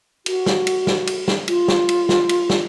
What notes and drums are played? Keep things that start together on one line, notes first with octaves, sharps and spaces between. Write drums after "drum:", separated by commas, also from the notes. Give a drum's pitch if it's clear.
F#4, drum: cymbal
drum: snare
drum: cymbal
drum: snare
drum: cymbal
drum: snare
F4, drum: cymbal
drum: snare
drum: cymbal
drum: snare
drum: cymbal
drum: snare